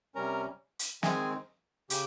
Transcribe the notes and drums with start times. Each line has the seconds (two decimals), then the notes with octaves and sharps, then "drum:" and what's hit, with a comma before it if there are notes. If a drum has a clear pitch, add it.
0.15 C3 G3 C#4 A#4 A#5
0.79 drum: hi-hat
1.03 D#3 G#3 C4 G#4 G#5, drum: snare
1.90 C#3 G4 G5, drum: hi-hat